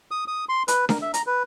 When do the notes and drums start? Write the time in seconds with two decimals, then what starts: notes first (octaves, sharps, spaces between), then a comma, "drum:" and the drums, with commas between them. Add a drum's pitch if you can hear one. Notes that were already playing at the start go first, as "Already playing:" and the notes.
0.11 D#6
0.28 D#6
0.49 C6
0.68 B4, drum: hi-hat
0.89 A#4, drum: snare D4
1.02 E5
1.14 A#5, drum: hi-hat
1.27 B4